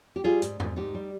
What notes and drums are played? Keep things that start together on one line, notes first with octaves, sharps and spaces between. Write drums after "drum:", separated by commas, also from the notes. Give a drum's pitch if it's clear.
G4
G3 F4 G#4
G#2, drum: hi-hat
G#2, drum: tom E2
G#2 D#4 G4
G3